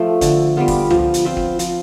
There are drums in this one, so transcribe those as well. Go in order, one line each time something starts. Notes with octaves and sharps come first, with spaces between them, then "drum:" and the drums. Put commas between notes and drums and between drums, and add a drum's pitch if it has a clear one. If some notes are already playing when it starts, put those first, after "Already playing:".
Already playing: F3 A3
D3, drum: kick, hi-hat
G3 B3 F4
drum: kick, open hi-hat
F3, drum: tom
drum: hi-hat
C4 F4 B4
drum: kick
F3, drum: hi-hat